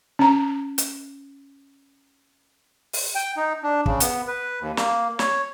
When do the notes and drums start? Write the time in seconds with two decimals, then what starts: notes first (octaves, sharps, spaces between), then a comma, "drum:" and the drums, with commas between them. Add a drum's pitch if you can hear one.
0.19 C#4 A#5
0.78 drum: hi-hat
2.93 drum: open hi-hat
3.15 G5
3.37 D#4
3.63 D4
3.86 C#3, drum: kick
4.00 B3, drum: hi-hat
4.28 B4
4.61 D#2
4.77 A#3, drum: snare
5.19 C#5, drum: snare